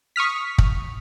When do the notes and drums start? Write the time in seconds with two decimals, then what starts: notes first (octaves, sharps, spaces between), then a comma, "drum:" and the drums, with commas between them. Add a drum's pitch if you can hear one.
0.16 C#6 D#6 F6 B6
0.58 drum: kick